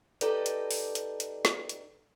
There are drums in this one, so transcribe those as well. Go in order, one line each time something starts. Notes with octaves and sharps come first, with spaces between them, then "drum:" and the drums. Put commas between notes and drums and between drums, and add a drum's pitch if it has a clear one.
D#4 G4 A4 B4 D5 D#5, drum: hi-hat
drum: hi-hat
drum: open hi-hat
drum: hi-hat
drum: hi-hat
drum: snare
drum: hi-hat